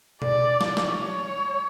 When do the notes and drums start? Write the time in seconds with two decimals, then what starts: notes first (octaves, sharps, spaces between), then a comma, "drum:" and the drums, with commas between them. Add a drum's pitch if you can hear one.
0.22 D5, drum: tom B2
0.61 drum: snare
0.77 drum: snare
0.88 C#5